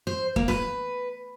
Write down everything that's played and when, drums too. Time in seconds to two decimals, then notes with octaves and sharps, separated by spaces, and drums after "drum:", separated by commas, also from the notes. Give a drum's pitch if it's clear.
0.07 C5
0.36 A#3, drum: kick
0.48 B4, drum: snare